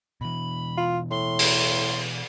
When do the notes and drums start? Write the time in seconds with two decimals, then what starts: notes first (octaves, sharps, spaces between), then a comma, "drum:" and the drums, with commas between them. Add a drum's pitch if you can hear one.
0.21 B2 E3 B5
0.77 F4
1.11 A2 C6
1.39 drum: open hi-hat